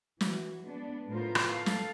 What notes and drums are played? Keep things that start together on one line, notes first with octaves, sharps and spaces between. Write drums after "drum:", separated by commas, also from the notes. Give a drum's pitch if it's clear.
E3 F#4, drum: snare
G#3 B3 D4
A2 B3 F4 A#4 C5
drum: rim click
A4 F5
drum: snare